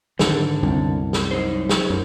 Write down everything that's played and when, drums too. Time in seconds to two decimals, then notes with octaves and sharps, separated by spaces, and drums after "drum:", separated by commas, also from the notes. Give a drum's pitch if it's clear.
0.19 G#2 D3 D#3, drum: snare
0.63 C2 F#2
1.13 drum: snare
1.31 F#3 D#4 C5
1.69 drum: snare
1.90 F#2